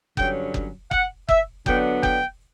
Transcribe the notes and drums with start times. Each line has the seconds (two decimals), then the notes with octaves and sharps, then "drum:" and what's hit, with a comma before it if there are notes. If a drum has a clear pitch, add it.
0.17 G2 D3 F#3 C#4 G5, drum: kick F#1
0.54 drum: kick F#1
0.91 F#5, drum: kick F#1
1.29 E5, drum: kick F#1
1.66 D3 F#3 B3 D4 G5, drum: kick F#1
2.03 G5, drum: kick F#1